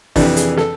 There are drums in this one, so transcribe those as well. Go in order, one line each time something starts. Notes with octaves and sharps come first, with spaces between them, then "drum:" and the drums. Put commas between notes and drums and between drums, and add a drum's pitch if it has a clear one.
F2 C3 E3 D4, drum: kick G#1, open hi-hat
G#4, drum: hi-hat
A4, drum: snare